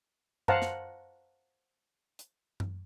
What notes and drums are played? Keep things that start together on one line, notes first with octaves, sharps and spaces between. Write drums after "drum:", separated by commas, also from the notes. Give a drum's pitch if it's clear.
C5 F5 F#5 A5 A#5, drum: tom F#2
drum: snare
drum: hi-hat
drum: tom F#2